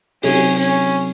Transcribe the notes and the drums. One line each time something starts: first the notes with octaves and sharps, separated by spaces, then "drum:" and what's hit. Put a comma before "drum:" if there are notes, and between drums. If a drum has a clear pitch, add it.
C3 F#3 C4 C#4 D#4 F#4, drum: open hi-hat
C#4